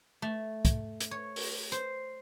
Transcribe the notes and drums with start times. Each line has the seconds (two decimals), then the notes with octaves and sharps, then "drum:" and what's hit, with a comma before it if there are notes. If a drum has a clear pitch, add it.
0.22 A3
0.65 drum: kick, hi-hat
1.00 drum: hi-hat
1.11 C#5
1.36 drum: open hi-hat
1.72 C5, drum: hi-hat